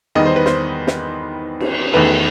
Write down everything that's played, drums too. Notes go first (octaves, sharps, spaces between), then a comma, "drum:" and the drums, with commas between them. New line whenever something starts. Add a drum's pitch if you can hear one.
E2 D#3 G3 B3 D#5
C5
B4
C5, drum: snare
drum: snare
drum: cymbal
E2 D#3 A3 B4